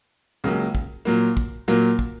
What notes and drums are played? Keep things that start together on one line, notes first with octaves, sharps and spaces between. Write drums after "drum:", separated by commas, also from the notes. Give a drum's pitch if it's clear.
C#2 C#3 F#3 A#3
drum: kick
A#2 F#3 A#3
drum: kick
A#2 F#3 A#3
drum: kick